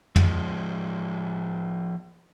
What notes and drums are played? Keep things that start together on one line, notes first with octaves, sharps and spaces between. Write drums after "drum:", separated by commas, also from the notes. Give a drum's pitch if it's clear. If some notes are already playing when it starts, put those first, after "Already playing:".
F3 G#3, drum: tom